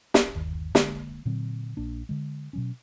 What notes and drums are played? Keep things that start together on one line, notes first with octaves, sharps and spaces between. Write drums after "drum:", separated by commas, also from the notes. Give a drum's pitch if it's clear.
drum: snare
G1 D#2
D3 G#3 A#3, drum: snare
A#2 D3 F#3 C4
A#1 A#3 D4
D3 G#3
B2 F#3 C#4